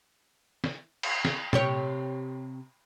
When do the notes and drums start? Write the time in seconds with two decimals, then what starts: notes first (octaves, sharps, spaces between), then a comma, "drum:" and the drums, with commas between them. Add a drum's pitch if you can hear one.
0.64 drum: snare
1.03 drum: cymbal
1.25 drum: snare
1.53 C3 G4 C#5, drum: tom A#2